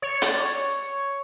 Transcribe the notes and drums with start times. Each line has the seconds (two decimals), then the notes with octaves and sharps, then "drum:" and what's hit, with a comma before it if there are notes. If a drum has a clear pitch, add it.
0.02 C#5
0.22 D5, drum: hi-hat
0.41 C#5